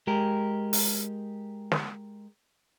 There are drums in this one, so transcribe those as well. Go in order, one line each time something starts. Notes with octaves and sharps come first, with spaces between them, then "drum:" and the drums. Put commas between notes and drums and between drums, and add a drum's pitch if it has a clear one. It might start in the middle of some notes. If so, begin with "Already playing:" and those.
G#3 G4 A#4
drum: open hi-hat
drum: snare